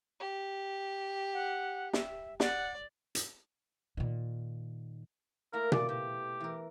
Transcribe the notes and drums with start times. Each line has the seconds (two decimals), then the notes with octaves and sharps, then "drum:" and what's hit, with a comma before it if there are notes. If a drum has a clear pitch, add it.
0.20 G4
1.34 F#5
1.93 E5, drum: snare
2.40 D5 F#5, drum: snare
3.15 drum: hi-hat
3.97 A#2 D#3
5.53 A3 A#3 E4 A#4
5.72 D5, drum: tom B2
5.89 B2 G4
6.40 E3 A#4